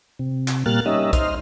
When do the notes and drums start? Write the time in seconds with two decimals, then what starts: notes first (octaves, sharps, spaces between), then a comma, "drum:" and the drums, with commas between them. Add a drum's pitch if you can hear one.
0.19 C3
0.48 drum: clap
0.66 A#2 G3 A#3 F6 F#6 A6
0.86 G3 C#4 D#4 D#5 E5
1.13 D#4 C5 D#5 F6, drum: kick, hi-hat